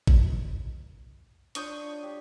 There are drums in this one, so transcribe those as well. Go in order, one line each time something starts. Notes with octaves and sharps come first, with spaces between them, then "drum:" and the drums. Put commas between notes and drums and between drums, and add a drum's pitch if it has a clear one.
drum: kick
D4 F4 C#5 C#6 D#6 G6, drum: hi-hat
G4